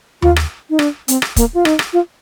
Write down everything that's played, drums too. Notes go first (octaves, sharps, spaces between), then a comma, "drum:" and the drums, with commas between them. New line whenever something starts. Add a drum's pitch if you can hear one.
F4, drum: tom D#2
drum: rim click
D#4
D4, drum: rim click
C4, drum: hi-hat
drum: rim click
A#3, drum: kick, hi-hat
F4
D#4, drum: rim click
drum: rim click
F4